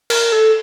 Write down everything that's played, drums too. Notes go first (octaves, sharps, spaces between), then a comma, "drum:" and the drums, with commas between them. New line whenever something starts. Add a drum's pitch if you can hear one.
A#4, drum: cymbal
A4